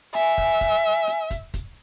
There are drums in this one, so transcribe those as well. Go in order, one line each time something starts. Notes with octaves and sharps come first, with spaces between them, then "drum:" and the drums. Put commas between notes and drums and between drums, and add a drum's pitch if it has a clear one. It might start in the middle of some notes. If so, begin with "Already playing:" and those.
E5 G#5, drum: hi-hat
drum: kick
drum: kick, hi-hat
drum: hi-hat
drum: kick, hi-hat
drum: kick, hi-hat